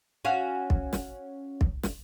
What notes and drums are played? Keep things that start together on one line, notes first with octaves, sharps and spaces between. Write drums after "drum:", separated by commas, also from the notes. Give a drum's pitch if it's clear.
C#4 F#4 F5
drum: kick
drum: snare
drum: kick
drum: snare